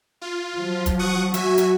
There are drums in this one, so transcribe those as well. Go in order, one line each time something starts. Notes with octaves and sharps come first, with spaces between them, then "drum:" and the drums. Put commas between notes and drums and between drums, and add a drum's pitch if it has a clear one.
F4
F3 F#3
drum: kick, hi-hat
F#5 C#6 D#6
F#3 F#4 E5 G#5, drum: hi-hat
drum: hi-hat